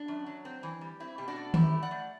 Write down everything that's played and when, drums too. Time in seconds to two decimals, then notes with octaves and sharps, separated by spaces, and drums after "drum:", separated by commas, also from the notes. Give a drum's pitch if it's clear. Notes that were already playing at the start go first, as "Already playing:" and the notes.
Already playing: D4
0.08 F#2
0.26 F#3
0.45 C4
0.63 E3
0.81 G3
1.00 C4 E4
1.18 B2 G4
1.28 D4 F#4
1.36 A3
1.54 F#2 E4 G4, drum: tom D#3
1.73 A3
1.82 D5 F#5
1.91 A3